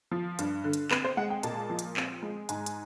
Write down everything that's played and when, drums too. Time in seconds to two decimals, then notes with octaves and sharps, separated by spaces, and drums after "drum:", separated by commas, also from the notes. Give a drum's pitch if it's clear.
0.11 F3
0.39 G2, drum: hi-hat
0.64 D3
0.73 drum: hi-hat
0.91 C4 B4, drum: clap
1.04 C5
1.17 G#3 F#5
1.30 G5
1.43 A#2 A5, drum: hi-hat
1.70 F3
1.79 drum: hi-hat
1.97 C4, drum: clap
2.22 G#3
2.49 G#2 G#5, drum: hi-hat
2.66 drum: hi-hat